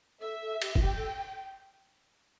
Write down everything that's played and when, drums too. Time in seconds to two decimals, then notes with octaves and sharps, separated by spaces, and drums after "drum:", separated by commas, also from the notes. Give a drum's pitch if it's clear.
0.21 A4 E5
0.42 A4
0.62 G4, drum: cymbal
0.75 F4, drum: kick
0.82 G4 G5
0.97 A4